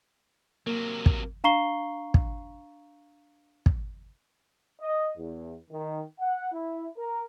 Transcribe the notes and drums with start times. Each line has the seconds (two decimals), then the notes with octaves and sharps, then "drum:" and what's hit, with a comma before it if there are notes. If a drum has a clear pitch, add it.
0.67 C3 F#3 A#3
1.06 drum: kick
1.44 D4 F5 A#5 C#6 C7 G7
2.14 drum: kick
3.66 drum: kick
4.81 D#5
5.18 E2
5.71 D#3
6.20 F#5
6.53 E4
6.97 A#4